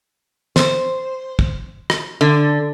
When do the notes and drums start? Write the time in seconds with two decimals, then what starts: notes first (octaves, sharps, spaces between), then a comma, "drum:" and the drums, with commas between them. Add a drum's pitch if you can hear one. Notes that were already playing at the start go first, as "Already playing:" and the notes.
0.56 C5, drum: snare
1.39 drum: kick
1.90 drum: rim click
2.21 D3